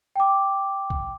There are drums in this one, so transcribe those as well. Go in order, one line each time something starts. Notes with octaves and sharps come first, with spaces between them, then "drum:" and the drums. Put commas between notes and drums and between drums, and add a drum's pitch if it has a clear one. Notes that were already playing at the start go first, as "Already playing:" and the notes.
G5 D6
drum: kick A#1